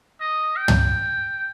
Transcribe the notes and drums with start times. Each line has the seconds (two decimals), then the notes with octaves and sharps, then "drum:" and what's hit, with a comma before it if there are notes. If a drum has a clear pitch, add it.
0.21 D#5
0.56 G5
0.68 drum: tom